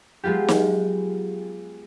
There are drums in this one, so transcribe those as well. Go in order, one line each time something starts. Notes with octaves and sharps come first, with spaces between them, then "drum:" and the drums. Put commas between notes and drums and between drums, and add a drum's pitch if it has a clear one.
F#3 G#3 B3 F4 G4
drum: snare